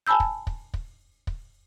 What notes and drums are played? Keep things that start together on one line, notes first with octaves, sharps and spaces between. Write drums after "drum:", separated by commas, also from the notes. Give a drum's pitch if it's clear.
G#5 A5 B5 E6 G6
drum: kick
drum: kick
drum: kick
drum: kick